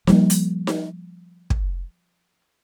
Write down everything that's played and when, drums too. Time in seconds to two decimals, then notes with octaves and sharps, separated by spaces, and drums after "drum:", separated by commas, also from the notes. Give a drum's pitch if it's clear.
0.07 F3 G3 A#3, drum: snare D#4
0.30 drum: hi-hat
0.67 drum: snare D#4
1.50 drum: kick